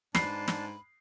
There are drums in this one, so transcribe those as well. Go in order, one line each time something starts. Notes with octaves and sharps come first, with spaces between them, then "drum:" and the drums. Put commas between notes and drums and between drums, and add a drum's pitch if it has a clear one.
G#2 D4 B4 A5 C7, drum: snare
drum: snare